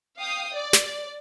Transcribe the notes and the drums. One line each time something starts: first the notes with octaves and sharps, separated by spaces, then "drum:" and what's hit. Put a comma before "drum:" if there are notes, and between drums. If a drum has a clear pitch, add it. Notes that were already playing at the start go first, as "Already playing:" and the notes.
F5 G5 D#6
D5
drum: snare